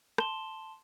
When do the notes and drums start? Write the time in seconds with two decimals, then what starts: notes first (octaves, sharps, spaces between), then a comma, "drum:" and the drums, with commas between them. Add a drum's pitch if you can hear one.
0.18 A5 C6 E7 G7, drum: rim click